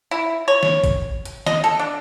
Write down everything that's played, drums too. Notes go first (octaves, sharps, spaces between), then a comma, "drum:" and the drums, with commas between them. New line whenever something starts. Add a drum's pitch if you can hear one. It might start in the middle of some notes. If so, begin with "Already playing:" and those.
E4
C#5
drum: snare
drum: kick G#1, hi-hat
drum: hi-hat
D#5, drum: snare
A4
D4